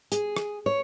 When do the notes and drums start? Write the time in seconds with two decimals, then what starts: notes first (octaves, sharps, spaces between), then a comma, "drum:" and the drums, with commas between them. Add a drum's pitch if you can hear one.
0.12 G#4, drum: hi-hat
0.36 drum: rim click
0.66 C#5